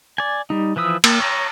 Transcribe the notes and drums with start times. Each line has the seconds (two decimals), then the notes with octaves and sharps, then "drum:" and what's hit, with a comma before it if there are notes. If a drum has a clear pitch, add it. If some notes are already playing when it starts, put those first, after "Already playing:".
0.18 D5 G#5
0.50 G3 D#4
0.76 E3 F3 B4 D#6 E6
1.04 A#3, drum: cymbal
1.20 C#5 A#5